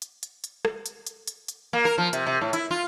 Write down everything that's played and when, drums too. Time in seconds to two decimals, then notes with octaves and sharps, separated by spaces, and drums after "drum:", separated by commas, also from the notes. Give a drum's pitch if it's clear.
0.02 drum: hi-hat
0.23 drum: hi-hat
0.44 drum: hi-hat
0.65 drum: rim click
0.86 drum: hi-hat
1.07 drum: hi-hat
1.27 drum: hi-hat
1.48 drum: hi-hat
1.73 A#3
1.85 A#4
1.98 F3
2.13 C3, drum: hi-hat
2.26 C3
2.41 A2
2.53 E4, drum: hi-hat
2.71 F4